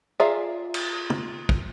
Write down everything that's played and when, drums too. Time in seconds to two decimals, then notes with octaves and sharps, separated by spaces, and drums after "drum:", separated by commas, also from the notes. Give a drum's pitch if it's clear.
0.20 F4 G#4 D5 E5 A#5
0.74 drum: cymbal
1.10 drum: tom
1.49 drum: kick